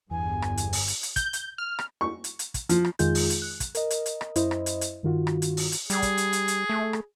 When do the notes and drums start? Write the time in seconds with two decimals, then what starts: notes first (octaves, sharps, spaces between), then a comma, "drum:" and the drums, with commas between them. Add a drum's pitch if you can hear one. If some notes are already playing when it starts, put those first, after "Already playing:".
0.11 G1 E2 G2 G#5
0.42 drum: rim click
0.57 drum: hi-hat
0.73 drum: open hi-hat
0.88 drum: hi-hat
1.03 drum: hi-hat
1.16 G6, drum: kick, hi-hat
1.33 drum: hi-hat
1.58 F6
1.79 drum: rim click
2.01 C#6
2.24 drum: hi-hat
2.39 drum: hi-hat
2.54 drum: kick, hi-hat
2.69 F3, drum: hi-hat
2.85 drum: rim click
2.99 F2 D#3 G#3 F4 G#4 G6, drum: hi-hat
3.15 drum: open hi-hat
3.30 drum: hi-hat
3.42 F#6
3.60 drum: kick, hi-hat
3.75 A#4 D#5, drum: hi-hat
3.90 drum: hi-hat
4.06 drum: hi-hat
4.21 drum: rim click
4.36 F#2 E4 C5 D#5, drum: hi-hat
4.51 drum: rim click
4.66 drum: hi-hat
4.81 drum: hi-hat
5.03 G2 D#3 F4 F#4
5.27 drum: rim click
5.42 drum: hi-hat
5.57 drum: open hi-hat
5.72 drum: hi-hat
5.90 G3 G#4, drum: hi-hat
6.02 drum: kick, hi-hat
6.18 drum: hi-hat
6.33 drum: hi-hat
6.48 drum: hi-hat
6.70 A3
6.93 drum: rim click